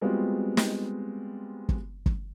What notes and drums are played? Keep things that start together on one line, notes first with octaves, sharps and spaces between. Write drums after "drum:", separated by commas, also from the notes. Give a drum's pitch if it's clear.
G3 G#3 B3 C4 F4 F#4
drum: snare
drum: kick
drum: kick